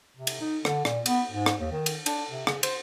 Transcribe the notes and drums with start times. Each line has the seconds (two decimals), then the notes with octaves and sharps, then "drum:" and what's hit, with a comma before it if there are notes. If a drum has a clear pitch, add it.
0.16 C3
0.27 drum: cymbal
0.41 D#4
0.65 D3, drum: rim click
0.85 A#2, drum: rim click
1.06 B3, drum: cymbal
1.32 G#2
1.46 drum: rim click
1.60 D#2
1.72 D#3
1.86 drum: cymbal
2.06 D4, drum: cymbal
2.29 C3
2.47 C#3, drum: rim click
2.63 C5, drum: cymbal